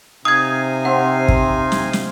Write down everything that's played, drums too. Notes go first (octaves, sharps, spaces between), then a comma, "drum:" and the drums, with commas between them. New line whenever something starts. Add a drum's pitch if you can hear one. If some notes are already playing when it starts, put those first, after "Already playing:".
C3 D#4 F5 G#5 D#6 G#6
C4 F#5
drum: kick
drum: snare
drum: snare